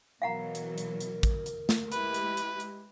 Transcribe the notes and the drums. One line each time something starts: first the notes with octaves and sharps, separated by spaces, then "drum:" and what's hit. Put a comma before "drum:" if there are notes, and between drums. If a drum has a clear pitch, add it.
B2 E3 F#3 A#4 F5 F#5 A#5
drum: hi-hat
drum: hi-hat
drum: hi-hat
drum: kick, hi-hat
drum: hi-hat
drum: snare
G#3 E4 G4 B4, drum: hi-hat
drum: hi-hat
drum: hi-hat
drum: hi-hat